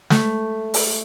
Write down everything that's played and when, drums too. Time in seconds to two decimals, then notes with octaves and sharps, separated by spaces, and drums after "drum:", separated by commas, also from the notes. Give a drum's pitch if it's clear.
0.10 A3, drum: snare
0.74 drum: open hi-hat